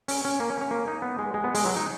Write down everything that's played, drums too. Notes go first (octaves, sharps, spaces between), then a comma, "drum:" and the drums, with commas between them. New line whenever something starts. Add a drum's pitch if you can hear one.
C#4, drum: open hi-hat
C#4
A#3
C#4
C#4
A#3
D#4
B3
G#3
G#3
B3
G#3, drum: open hi-hat
F#3
D#4